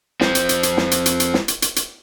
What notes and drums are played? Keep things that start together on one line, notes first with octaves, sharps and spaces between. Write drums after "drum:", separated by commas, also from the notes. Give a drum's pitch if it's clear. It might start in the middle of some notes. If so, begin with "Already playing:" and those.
F2 C4, drum: snare
drum: hi-hat
drum: hi-hat
drum: hi-hat
drum: snare
drum: hi-hat
drum: hi-hat
drum: hi-hat
drum: snare
drum: hi-hat
drum: hi-hat
drum: hi-hat